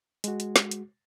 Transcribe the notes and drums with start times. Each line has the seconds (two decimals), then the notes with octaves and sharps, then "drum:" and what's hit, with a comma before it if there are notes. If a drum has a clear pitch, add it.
0.24 G#3 F#4, drum: hi-hat
0.40 drum: hi-hat
0.56 drum: snare
0.71 drum: hi-hat